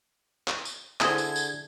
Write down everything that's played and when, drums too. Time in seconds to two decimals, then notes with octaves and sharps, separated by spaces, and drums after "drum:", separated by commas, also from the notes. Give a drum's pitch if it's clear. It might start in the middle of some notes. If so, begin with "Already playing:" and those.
0.48 drum: clap
0.65 drum: tambourine
1.01 D3 E4 G#4 C5 G#6, drum: clap
1.18 drum: tambourine
1.36 drum: tambourine